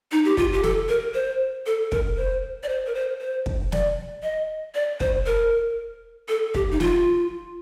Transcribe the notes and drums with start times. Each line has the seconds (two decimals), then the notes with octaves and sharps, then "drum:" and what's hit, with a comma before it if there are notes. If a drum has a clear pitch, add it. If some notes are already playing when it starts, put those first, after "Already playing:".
0.12 D#4
0.25 G4
0.37 F4, drum: kick
0.53 G4
0.63 A4, drum: snare
0.89 A#4
1.14 C5
1.66 A4
1.92 A#4, drum: kick
2.17 C5
2.63 D5
2.69 C5
2.87 A#4
2.95 C5
3.20 C5
3.46 drum: kick
3.72 D5, drum: snare
4.23 D#5
4.75 D5
5.00 C5, drum: kick
5.26 A#4
6.29 A4
6.54 G4, drum: kick
6.71 D#4
6.80 F4, drum: snare